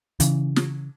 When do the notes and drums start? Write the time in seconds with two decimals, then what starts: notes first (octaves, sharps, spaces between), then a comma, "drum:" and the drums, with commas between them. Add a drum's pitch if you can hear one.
0.20 C#3 E3, drum: hi-hat
0.56 drum: snare